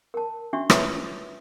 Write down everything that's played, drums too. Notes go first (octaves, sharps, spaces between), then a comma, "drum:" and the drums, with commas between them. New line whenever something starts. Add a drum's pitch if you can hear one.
A#4 A5
C#4 D4 F#4 E5 C#6
F4 B4 C#5 E5 D#6, drum: rim click